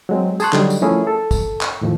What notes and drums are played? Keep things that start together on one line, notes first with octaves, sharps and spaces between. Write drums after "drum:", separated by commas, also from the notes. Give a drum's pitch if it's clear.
F#3 G#3 C4
G#4 G#5 A5 C6 C#6 F#6, drum: tambourine
D3 F#3 G3 D#4, drum: clap
drum: tambourine
F3 A3 C#4 E4 G#4 A#4
A4
drum: kick, tambourine
drum: clap
E2 A2 D#3 F3